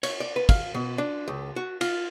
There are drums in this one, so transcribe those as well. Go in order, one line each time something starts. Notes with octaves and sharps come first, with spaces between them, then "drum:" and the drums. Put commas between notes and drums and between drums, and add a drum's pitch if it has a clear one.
C#5, drum: cymbal
D5
B4
F5, drum: kick, cymbal
B2
D4
C#2
F#4
F4, drum: cymbal